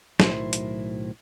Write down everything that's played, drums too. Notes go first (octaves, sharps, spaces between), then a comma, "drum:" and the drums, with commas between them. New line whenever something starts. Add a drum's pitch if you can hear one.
B1 A2 D#3 F#3 E4 C5, drum: snare
drum: hi-hat